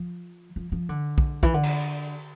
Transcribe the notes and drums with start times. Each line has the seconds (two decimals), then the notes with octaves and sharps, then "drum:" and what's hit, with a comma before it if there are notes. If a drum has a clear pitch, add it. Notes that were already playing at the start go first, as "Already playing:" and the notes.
Already playing: F3
0.56 F3
0.72 F3
0.89 D3
1.18 drum: kick
1.43 E3, drum: kick
1.54 D3
1.63 drum: cymbal